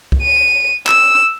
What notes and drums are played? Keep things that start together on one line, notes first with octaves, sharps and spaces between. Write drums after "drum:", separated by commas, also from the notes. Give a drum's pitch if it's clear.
drum: kick
D#7
E6, drum: clap